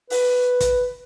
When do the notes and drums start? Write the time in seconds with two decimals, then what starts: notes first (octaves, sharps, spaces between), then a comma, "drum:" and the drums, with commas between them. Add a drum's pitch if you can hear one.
0.10 B4, drum: open hi-hat
0.61 drum: kick, hi-hat